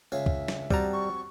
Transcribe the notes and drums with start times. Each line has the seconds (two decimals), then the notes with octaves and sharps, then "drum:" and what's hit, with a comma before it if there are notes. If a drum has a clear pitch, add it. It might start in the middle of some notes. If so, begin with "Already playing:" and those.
0.12 C#2 C#5 E5 F5
0.26 drum: kick
0.48 drum: snare
0.71 G3 C4 F#4 A5 A#5, drum: kick
0.93 C#6